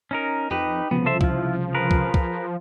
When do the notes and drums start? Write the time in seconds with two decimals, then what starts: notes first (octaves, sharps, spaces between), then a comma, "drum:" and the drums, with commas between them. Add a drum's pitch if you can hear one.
0.11 C#4 D#4 A#4
0.51 F2 D#4 G4 B4
0.91 C2 C#3 F3 B3
1.06 A4 C5 E5
1.21 E4 F4, drum: kick C2
1.74 G#4 A#4 B4
1.91 drum: kick C2
2.14 drum: kick C2